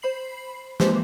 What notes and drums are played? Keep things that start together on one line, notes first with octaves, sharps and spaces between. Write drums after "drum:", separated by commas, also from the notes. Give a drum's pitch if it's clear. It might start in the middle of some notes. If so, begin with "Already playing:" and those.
C5 B5 C7 F#7
E3 F3 G#3 A#3 G4 C5, drum: snare